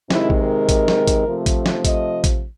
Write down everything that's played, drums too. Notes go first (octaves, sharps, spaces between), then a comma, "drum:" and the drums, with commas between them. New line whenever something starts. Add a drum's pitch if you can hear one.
C3 D#3 G#3 E4, drum: snare
drum: kick A1
A#4
drum: kick A1, hi-hat
drum: snare
drum: kick A1, hi-hat
C3 F3 A3
drum: kick A1, hi-hat
drum: snare
D#5, drum: kick A1, hi-hat
drum: kick A1, hi-hat